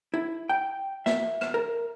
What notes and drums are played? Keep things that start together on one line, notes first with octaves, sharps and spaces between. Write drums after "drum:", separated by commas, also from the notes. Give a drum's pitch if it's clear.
E4
G5
E5, drum: snare
drum: rim click
A#4